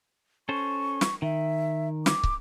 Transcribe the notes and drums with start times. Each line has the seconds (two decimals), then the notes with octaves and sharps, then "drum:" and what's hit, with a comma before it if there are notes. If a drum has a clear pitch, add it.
0.49 C#4 A4 C5 C#6
1.01 drum: snare
1.22 D#3 E5
2.06 D6, drum: snare
2.23 drum: kick